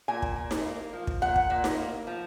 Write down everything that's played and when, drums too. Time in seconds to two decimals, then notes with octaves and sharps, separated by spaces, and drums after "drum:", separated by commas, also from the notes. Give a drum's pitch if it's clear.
0.08 A#2 G#5
0.22 drum: kick
0.36 A#2
0.51 drum: snare D#4
0.65 A#3
0.93 F3
1.07 drum: kick
1.22 A#2 F#5
1.36 drum: kick
1.50 A#2
1.64 drum: snare D#4
1.78 A#3
2.07 F3